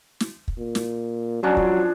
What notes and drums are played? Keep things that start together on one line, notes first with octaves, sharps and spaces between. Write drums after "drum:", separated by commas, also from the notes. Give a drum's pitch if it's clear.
drum: snare
drum: kick
A#2
drum: snare
F3 F#3 C#4 D4
drum: kick